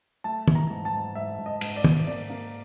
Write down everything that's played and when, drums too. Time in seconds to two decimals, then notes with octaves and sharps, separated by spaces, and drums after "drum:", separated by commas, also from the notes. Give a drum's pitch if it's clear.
0.24 A3 A5
0.48 E3, drum: tom
0.55 A#5
0.70 G#2
0.85 A5
0.93 G#2
1.15 G#2 E5
1.38 G#2
1.46 D#5
1.61 G#2, drum: cymbal
1.77 D5
1.84 G#2, drum: tom
2.07 A#3 D5
2.30 A#3